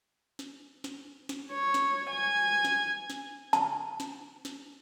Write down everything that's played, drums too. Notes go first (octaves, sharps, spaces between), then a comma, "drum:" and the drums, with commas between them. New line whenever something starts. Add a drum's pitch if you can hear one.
drum: snare
drum: snare
drum: snare
C#5
drum: snare
G#5
drum: snare
drum: snare
A5, drum: snare
drum: snare
drum: snare